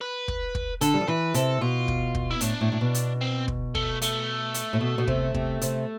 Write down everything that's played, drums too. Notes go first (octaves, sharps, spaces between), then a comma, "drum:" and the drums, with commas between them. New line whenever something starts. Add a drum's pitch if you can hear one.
B4
drum: kick
drum: kick
D3 A4, drum: hi-hat
G3
F3
E3 B4
C3 A4, drum: hi-hat
B2 F4
drum: kick
drum: kick
E4
A2 D4, drum: hi-hat
A2
A2
B2
drum: hi-hat
C4
drum: kick
A3, drum: kick
A3, drum: hi-hat
drum: hi-hat
A2
B2
B2
C3, drum: kick
C3, drum: kick
C3, drum: hi-hat